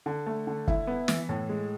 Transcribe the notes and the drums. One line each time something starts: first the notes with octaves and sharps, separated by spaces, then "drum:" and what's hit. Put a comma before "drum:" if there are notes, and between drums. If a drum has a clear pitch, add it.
D3
A3
D3
E4, drum: kick
B3
E3, drum: snare
A2
G#3